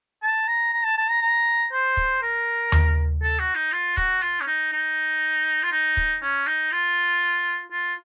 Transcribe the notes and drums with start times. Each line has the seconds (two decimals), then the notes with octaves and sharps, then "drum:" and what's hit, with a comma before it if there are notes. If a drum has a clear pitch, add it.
0.23 A5
0.48 A#5
0.73 A#5
0.84 A5
0.98 A5
1.10 A#5
1.22 A#5
1.72 C5
1.97 drum: kick
2.22 A#4
2.72 drum: tom D#2
3.22 A4
3.39 F#4
3.55 D#4
3.72 F4
3.97 F#4, drum: kick
4.22 F4
4.41 C#4
4.47 D#4
4.73 D#4
5.63 F4
5.72 D#4
5.97 drum: kick
6.22 C#4
6.47 D#4
6.72 F4
7.71 F4